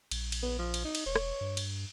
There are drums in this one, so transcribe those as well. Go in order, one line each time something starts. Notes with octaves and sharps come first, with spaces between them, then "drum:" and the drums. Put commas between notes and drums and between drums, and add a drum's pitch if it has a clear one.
A#1, drum: cymbal
drum: cymbal
B3
F3
drum: cymbal
D#4
drum: cymbal
E1 C#5
drum: rim click
G2
drum: cymbal